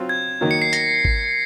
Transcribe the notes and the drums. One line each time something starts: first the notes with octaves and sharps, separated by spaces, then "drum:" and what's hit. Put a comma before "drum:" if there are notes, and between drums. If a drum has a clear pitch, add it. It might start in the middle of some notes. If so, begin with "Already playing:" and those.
Already playing: F#3 C4 F4
G#6
D#3 F#3 A#3
C#7
C7
A#6, drum: hi-hat
drum: kick G#1